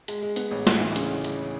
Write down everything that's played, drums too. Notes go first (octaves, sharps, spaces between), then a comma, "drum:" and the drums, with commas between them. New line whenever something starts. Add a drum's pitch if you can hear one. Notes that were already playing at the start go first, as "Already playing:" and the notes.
G#3, drum: hi-hat
G#3
B3, drum: hi-hat
A1
D2, drum: snare
E3
C#3, drum: hi-hat
drum: hi-hat